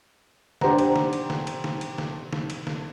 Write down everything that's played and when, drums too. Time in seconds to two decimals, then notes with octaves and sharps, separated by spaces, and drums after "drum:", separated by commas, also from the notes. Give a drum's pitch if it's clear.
0.61 D4 G4 C5 F#5 A#5, drum: snare
0.78 drum: cymbal
0.96 drum: snare
1.13 drum: cymbal
1.30 drum: snare
1.47 drum: cymbal
1.64 drum: snare
1.81 drum: cymbal
1.98 drum: snare
2.33 drum: snare
2.50 drum: cymbal
2.67 drum: snare